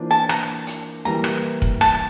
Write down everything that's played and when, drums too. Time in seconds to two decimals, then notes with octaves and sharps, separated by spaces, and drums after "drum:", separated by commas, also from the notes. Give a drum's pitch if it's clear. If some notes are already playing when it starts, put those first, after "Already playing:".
Already playing: E3 A#3 D4 F4 C5
0.11 A5
0.29 A#5, drum: rim click
0.67 drum: hi-hat
1.05 E3 G3 A#3 A#5
1.24 drum: rim click
1.62 drum: kick
1.81 A5, drum: rim click